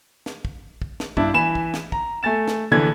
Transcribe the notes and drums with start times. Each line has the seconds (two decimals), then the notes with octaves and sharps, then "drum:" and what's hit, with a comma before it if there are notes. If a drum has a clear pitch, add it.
0.26 drum: snare
0.45 drum: kick
0.82 drum: kick
1.00 drum: snare
1.17 G2 D4 E4, drum: kick
1.34 E3 G#5 B5 E7
1.55 drum: kick
1.74 drum: snare
1.92 A#5, drum: kick
2.23 A3 G#5 A6 E7
2.48 drum: snare
2.72 A#1 D3 E3 E4 G#6